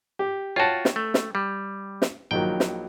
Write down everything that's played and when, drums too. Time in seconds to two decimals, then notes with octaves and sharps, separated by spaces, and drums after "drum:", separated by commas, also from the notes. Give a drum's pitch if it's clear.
0.19 G4
0.56 F4 F#4 C#5 G5 A5
0.85 drum: snare
0.96 A3
1.14 drum: snare
1.35 G3
2.02 drum: snare
2.31 A#1 D#3 F#3 G5
2.60 drum: snare